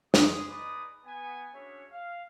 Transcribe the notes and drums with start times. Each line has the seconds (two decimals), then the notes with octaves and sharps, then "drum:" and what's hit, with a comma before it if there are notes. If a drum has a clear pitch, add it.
0.14 C#5 G#5 C6 D#6, drum: snare
0.48 G#3 D#4 B4 D5 D#6
1.05 B3 G#5
1.54 C#4 D4 F#4 G#4 C#5 E5
1.91 F5